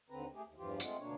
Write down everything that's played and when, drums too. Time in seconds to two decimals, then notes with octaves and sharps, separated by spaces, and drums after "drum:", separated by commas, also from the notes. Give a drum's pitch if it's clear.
0.10 D#2 D3 C4 B4 A#5
0.34 A3 G4 G#4
0.45 D#2
0.57 E2 G2 E3 F3 F4 G4
0.80 G#3 A3 C4 F4 F#5, drum: tambourine
0.99 D2 B2 A#3 D4 C#5